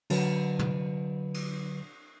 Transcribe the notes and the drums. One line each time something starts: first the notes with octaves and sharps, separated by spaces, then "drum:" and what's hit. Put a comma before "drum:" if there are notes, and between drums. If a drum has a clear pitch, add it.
D3 F#3 B4, drum: cymbal
drum: tom
drum: cymbal